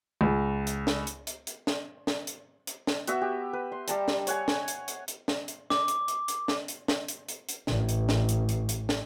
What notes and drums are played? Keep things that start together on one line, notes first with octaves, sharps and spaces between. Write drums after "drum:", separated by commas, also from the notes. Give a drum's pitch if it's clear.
C#2
drum: hi-hat
drum: snare
drum: hi-hat
drum: hi-hat
drum: hi-hat
drum: snare
drum: snare
drum: hi-hat
drum: hi-hat
drum: snare
B3 F#4 E5 E6, drum: hi-hat
G4
B4
C6
G3 A5 A#5, drum: hi-hat
drum: snare
C#5 F#5 G#5, drum: hi-hat
drum: snare
drum: hi-hat
drum: hi-hat
drum: hi-hat
drum: snare
drum: hi-hat
D6, drum: snare
drum: hi-hat
drum: hi-hat
drum: hi-hat
drum: snare
drum: hi-hat
drum: snare
drum: hi-hat
drum: hi-hat
drum: hi-hat
A1, drum: snare
drum: hi-hat
drum: snare
drum: hi-hat
drum: hi-hat
drum: hi-hat
drum: snare